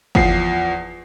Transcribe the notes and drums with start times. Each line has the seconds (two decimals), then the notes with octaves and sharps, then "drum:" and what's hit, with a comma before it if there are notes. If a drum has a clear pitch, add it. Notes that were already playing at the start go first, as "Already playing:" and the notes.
0.15 E2 F3 C7, drum: kick G1